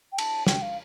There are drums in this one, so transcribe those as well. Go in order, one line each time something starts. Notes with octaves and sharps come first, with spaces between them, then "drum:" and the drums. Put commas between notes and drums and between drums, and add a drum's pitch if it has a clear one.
G5
A5, drum: cymbal
G5, drum: snare
F5